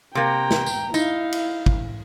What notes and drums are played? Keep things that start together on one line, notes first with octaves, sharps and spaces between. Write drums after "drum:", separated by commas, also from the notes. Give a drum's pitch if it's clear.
C3 A#3 G5 A#5
drum: snare
drum: tambourine
D#4 E4 F5, drum: tambourine
drum: cymbal
drum: kick